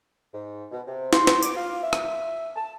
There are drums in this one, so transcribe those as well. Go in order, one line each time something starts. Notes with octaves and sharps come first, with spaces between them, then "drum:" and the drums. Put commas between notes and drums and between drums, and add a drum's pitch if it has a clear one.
G#2
B2
C3
C6, drum: snare
drum: snare
D6, drum: tambourine
F4
E5
drum: rim click
A5